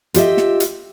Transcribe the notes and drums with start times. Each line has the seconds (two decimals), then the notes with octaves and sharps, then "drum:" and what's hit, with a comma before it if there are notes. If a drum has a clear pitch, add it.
0.14 F4 G4 D#5 E5, drum: hi-hat
0.37 drum: snare
0.60 drum: hi-hat